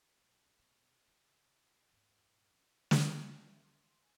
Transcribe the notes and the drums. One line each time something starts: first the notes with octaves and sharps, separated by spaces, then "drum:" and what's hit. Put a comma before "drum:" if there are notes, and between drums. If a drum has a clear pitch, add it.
B1
B2
C3 G3
E2 G#2
G2 A#2
E3 C#4
drum: snare
A#5
D5
E5
C6
C6
G#5